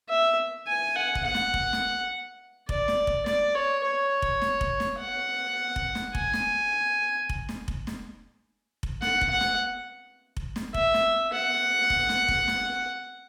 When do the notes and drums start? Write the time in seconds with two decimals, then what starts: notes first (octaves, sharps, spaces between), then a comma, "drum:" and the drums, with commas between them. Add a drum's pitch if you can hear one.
0.09 E5
0.67 G#5
0.96 F#5
1.15 drum: kick F1
1.24 F#5
1.34 drum: snare
1.54 drum: kick F1
1.73 drum: snare
2.69 D5, drum: kick F1
2.88 drum: snare
3.07 drum: kick F1
3.26 D5, drum: snare
3.55 C#5
3.84 C#5
4.22 drum: kick F1
4.42 drum: snare
4.61 drum: kick F1
4.80 drum: snare
4.99 F#5
5.76 drum: kick F1
5.95 drum: snare
6.15 G#5, drum: kick F1
6.33 drum: snare
7.29 drum: kick F1
7.49 drum: snare
7.68 drum: kick F1
7.87 drum: snare
8.83 drum: kick F1
9.02 F#5, drum: snare
9.21 drum: kick F1
9.31 F#5
9.41 drum: snare
10.37 drum: kick F1
10.56 drum: snare
10.74 E5, drum: kick F1
10.94 drum: snare
11.33 F#5
11.90 drum: kick F1
12.09 drum: snare
12.28 drum: kick F1
12.48 drum: snare